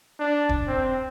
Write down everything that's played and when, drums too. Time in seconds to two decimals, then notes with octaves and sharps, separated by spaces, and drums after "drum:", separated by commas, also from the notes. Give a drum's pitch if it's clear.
0.20 D4
0.49 drum: kick D#1
0.68 C4